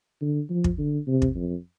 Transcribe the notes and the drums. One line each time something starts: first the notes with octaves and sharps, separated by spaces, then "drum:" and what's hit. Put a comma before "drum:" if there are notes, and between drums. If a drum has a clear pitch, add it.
D3
F3
drum: kick
D3
C3
drum: kick
F2